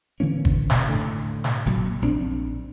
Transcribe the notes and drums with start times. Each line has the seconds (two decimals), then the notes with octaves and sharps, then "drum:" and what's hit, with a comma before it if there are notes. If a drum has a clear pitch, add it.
0.20 D3 E3 A#3 C#4
0.45 drum: kick
0.70 drum: snare
0.88 A2 D3
1.44 drum: snare
1.66 F#1 A#2 F#3
2.02 A#1 C4 D4